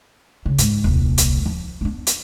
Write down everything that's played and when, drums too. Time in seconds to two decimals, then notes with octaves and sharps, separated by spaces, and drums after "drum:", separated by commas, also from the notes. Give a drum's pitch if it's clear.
0.46 C#3
0.58 G#2, drum: hi-hat
0.84 D#1 C2
1.18 drum: hi-hat
1.46 F3
1.81 B3 D4
2.07 drum: hi-hat